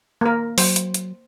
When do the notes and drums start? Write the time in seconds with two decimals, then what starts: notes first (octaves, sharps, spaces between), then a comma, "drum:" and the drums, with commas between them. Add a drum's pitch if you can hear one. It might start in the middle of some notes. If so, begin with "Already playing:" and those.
0.21 A#3 A#4
0.58 F#3 C5, drum: open hi-hat
0.76 drum: hi-hat
0.94 drum: hi-hat